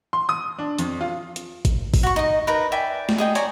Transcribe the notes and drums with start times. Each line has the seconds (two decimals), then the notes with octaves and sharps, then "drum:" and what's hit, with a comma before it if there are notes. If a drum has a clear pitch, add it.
0.13 C6
0.29 D#6
0.59 D4
0.78 F2, drum: hi-hat
1.01 F4
1.36 drum: hi-hat
1.65 drum: kick G#1, hi-hat
1.94 drum: kick G#1, open hi-hat
2.03 F#4 C#6
2.16 D#4 D#5
2.47 D#4 A#4 B4 A#5
2.72 D5 E5 G5 G#5
3.09 drum: snare
3.18 G#4 D#5 G5
3.35 C#5 D5 G#5 A#5, drum: hi-hat